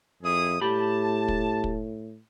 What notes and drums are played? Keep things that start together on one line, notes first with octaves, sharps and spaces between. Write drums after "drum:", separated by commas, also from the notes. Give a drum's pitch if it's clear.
F2 E4 G#4 D#6
A2 G4 A5 B5
drum: kick
drum: kick